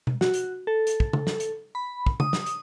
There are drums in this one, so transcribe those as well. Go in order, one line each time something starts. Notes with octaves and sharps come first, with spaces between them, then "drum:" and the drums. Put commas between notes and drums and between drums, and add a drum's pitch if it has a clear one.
drum: tom B2
F#4, drum: snare
drum: hi-hat
A4
drum: hi-hat
drum: kick
drum: tom C#3
drum: snare
drum: hi-hat
B5
drum: kick
D#6, drum: tom C#3
drum: snare
drum: hi-hat